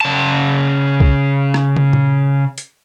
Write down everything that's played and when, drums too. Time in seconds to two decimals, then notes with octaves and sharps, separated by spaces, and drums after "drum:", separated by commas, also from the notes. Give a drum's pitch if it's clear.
0.01 C#3 A5
1.00 drum: kick
1.54 drum: rim click
1.76 drum: tom
1.93 drum: tom A#2
2.58 drum: hi-hat